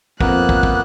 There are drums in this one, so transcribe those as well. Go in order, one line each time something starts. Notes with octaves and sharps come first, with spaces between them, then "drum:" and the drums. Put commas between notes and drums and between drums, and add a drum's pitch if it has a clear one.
F2 A#3 B3 F#6, drum: kick
drum: kick
drum: kick